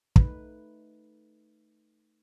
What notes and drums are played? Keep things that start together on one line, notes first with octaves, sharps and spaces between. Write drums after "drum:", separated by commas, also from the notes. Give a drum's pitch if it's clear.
A3 D#4 B4, drum: kick